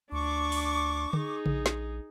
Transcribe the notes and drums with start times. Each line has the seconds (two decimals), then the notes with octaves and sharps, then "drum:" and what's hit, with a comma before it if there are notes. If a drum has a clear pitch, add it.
0.12 D2 D4 C#6 D6
0.52 drum: open hi-hat
1.13 D#4 G#4, drum: tom D3
1.46 A#1, drum: tom C#3
1.66 drum: snare